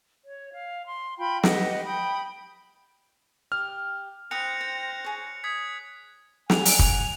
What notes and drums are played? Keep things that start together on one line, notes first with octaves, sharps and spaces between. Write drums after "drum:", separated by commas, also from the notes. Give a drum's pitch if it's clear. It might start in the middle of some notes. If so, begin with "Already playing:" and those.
C#5
F5
C6
F4 G5 B5 C6
G4 B4 D#5 F#5, drum: snare
G5 B5 D#6
G4 F6
C5 G5 B5 D#6 F#6 A#6 C#7 F7
G5
G#4 C#5
D#6 G#6 B6
F#5 G#5 F7, drum: snare
drum: open hi-hat
drum: kick